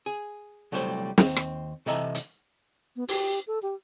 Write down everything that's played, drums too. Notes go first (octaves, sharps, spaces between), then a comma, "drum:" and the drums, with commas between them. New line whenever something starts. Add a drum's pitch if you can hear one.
G#4
C2 F#3 G3 A3 C5
D#2 C4, drum: snare
drum: rim click
C3 E3 A4 D#5 E5 A#5
drum: hi-hat
B3
G4, drum: open hi-hat
A4
G4